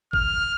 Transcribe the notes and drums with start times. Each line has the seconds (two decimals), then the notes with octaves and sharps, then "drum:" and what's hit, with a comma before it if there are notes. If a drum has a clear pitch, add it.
0.13 F6, drum: kick